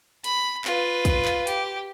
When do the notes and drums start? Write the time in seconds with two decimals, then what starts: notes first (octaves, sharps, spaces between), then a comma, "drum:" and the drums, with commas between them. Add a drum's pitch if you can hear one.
0.24 B5, drum: hi-hat
0.65 F4 B4, drum: clap
1.05 drum: kick, hi-hat
1.25 drum: clap
1.47 G4, drum: hi-hat